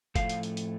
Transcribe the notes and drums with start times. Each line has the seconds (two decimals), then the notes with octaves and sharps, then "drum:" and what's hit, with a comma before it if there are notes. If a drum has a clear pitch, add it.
0.16 A2 F3 A3 F5, drum: kick, hi-hat
0.29 drum: hi-hat
0.43 drum: hi-hat
0.57 drum: hi-hat